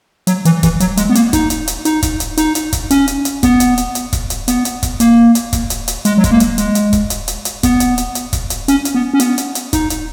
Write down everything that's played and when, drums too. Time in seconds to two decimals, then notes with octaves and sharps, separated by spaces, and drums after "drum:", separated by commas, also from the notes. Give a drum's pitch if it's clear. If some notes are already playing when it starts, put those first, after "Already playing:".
0.27 F#3, drum: hi-hat
0.45 E3, drum: hi-hat
0.63 E3, drum: kick, hi-hat
0.80 F#3, drum: hi-hat
0.97 G#3, drum: hi-hat
1.10 B3
1.15 A#3, drum: hi-hat
1.33 D#4, drum: kick, hi-hat
1.50 drum: hi-hat
1.68 drum: hi-hat
1.85 D#4, drum: hi-hat
2.03 drum: kick, hi-hat
2.20 drum: hi-hat
2.37 D#4, drum: hi-hat
2.55 drum: hi-hat
2.73 drum: kick, hi-hat
2.91 C#4, drum: hi-hat
3.08 drum: hi-hat
3.25 drum: hi-hat
3.43 B3, drum: kick, hi-hat
3.60 drum: hi-hat
3.78 drum: hi-hat
3.95 drum: hi-hat
4.13 drum: kick, hi-hat
4.30 drum: hi-hat
4.48 B3, drum: hi-hat
4.65 drum: hi-hat
4.83 drum: kick, hi-hat
5.00 A#3, drum: hi-hat
5.35 drum: hi-hat
5.53 drum: kick, hi-hat
5.70 drum: hi-hat
5.88 drum: hi-hat
6.05 G#3, drum: hi-hat
6.17 F#3
6.24 G#3, drum: kick, hi-hat
6.31 A#3
6.40 drum: hi-hat
6.58 G#3, drum: hi-hat
6.75 drum: hi-hat
6.93 drum: kick, hi-hat
7.10 drum: hi-hat
7.28 drum: hi-hat
7.45 drum: hi-hat
7.63 B3, drum: kick, hi-hat
7.80 drum: hi-hat
7.98 drum: hi-hat
8.15 drum: hi-hat
8.33 drum: kick, hi-hat
8.50 drum: hi-hat
8.68 C#4, drum: hi-hat
8.85 drum: hi-hat
8.95 B3
9.14 C#4
9.20 B3, drum: hi-hat
9.38 drum: hi-hat
9.55 drum: hi-hat
9.73 D#4, drum: kick, hi-hat
9.90 drum: hi-hat